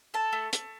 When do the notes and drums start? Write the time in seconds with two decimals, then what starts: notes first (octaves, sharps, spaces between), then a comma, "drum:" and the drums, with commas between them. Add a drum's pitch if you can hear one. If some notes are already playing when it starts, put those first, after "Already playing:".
0.14 A4 A5
0.33 A3
0.53 A3, drum: hi-hat